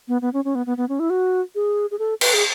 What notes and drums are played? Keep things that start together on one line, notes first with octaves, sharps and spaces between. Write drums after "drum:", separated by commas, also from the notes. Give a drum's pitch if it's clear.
B3
B3
C#4
C#4
B3
B3
B3
C#4
E4
F#4
G#4
G#4
A4
B4, drum: cymbal
G#4